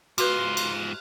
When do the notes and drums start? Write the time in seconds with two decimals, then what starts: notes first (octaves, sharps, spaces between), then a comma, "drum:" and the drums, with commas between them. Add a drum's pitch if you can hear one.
0.18 G#2 F4 F#4 B4 C6 F6 F#6, drum: cymbal
0.57 drum: cymbal